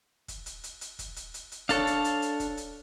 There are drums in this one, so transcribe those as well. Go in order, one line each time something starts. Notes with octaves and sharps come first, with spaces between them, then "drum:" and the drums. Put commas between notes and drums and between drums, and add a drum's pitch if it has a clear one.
drum: kick, hi-hat
drum: hi-hat
drum: hi-hat
drum: hi-hat
drum: kick, hi-hat
drum: hi-hat
drum: hi-hat
drum: hi-hat
D4 A4 C#5 F5 A5, drum: kick, hi-hat
drum: hi-hat
drum: hi-hat
drum: hi-hat
drum: kick, hi-hat
drum: hi-hat